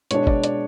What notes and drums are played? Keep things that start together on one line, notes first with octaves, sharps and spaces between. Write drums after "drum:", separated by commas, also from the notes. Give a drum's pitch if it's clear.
B2 G#3 D4 C#5, drum: hi-hat
D5, drum: kick G1
D5, drum: hi-hat